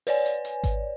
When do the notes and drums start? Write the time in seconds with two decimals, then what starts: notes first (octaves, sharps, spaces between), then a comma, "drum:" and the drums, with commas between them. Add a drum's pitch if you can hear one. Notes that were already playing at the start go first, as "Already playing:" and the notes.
0.07 B4 C#5 D5 G#5, drum: open hi-hat
0.26 drum: hi-hat
0.45 drum: hi-hat
0.64 drum: kick G#1, hi-hat